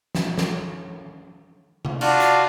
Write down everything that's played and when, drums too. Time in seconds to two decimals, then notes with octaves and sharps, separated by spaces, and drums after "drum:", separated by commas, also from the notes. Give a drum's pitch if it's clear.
0.15 drum: snare
0.38 drum: snare
1.85 drum: tom C3
2.01 D4 F4 F#4 F5, drum: cymbal
2.20 drum: hi-hat